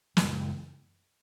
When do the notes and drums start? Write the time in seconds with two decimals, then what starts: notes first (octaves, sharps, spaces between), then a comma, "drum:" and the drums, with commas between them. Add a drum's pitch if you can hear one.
0.17 F#2 C#3 E3 G#3, drum: snare